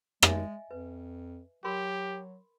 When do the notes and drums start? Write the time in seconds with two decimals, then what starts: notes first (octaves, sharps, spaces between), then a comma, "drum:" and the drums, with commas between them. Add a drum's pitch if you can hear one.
0.23 G#3 D#5 E5 G#5, drum: rim click
0.71 F2 B4
1.64 F#3 G4 A#4 B5 C6